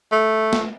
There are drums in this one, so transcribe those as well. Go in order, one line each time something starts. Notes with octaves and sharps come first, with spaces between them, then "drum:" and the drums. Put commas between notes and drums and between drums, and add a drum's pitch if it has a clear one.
A3
drum: snare